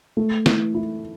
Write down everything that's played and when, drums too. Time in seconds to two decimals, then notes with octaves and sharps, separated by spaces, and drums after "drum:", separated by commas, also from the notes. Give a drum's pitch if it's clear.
0.17 A3
0.46 E3, drum: snare
0.75 E4